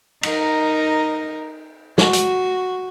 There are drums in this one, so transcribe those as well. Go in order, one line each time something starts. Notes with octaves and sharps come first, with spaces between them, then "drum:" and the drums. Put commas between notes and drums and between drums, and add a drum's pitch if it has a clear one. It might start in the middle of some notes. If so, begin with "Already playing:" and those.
D#4 A#4, drum: cymbal
F#4, drum: snare
drum: hi-hat